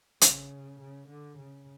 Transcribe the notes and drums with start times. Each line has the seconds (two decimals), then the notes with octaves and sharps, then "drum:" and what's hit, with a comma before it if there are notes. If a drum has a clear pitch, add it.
0.21 C#3, drum: hi-hat
0.80 C#3
1.08 D3
1.38 C#3